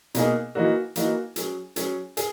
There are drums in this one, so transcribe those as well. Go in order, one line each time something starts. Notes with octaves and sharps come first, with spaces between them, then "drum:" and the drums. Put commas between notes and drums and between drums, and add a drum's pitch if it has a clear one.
B2 A#3 D#4 G#4, drum: hi-hat
E3 A#3 D#4 F#4
E3 A#3 D#4 F#4, drum: hi-hat
F#3 C#4 G#4, drum: hi-hat
F#3 C#4 G#4, drum: hi-hat
G#4, drum: hi-hat